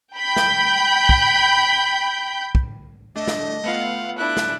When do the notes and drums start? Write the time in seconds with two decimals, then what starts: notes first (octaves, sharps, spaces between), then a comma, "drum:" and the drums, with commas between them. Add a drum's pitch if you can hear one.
0.15 G5 B5 G6
0.36 drum: snare
1.09 drum: kick
2.55 drum: kick
3.16 A3 D4 D#5
3.27 drum: snare
3.64 A3 B3 F4 F5 F#5
4.18 D4 E4 F#6
4.37 drum: snare